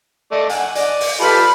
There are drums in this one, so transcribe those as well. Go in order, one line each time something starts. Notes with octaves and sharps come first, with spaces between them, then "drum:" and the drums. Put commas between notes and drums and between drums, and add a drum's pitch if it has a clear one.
A3 D5 D#5
F#5 G#5, drum: hi-hat
D5 D#5, drum: hi-hat
drum: open hi-hat
F4 G4 A4 B4 B5 F6